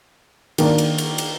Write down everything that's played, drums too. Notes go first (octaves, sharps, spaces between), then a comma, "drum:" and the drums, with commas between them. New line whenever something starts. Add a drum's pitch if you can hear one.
D#3 A#3 D4, drum: cymbal
drum: cymbal
drum: cymbal
drum: cymbal